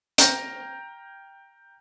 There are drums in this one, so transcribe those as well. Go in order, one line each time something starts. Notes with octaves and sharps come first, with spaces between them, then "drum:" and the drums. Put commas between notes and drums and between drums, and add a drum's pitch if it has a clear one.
G5 A#5 F6 G6 A#6 F7, drum: hi-hat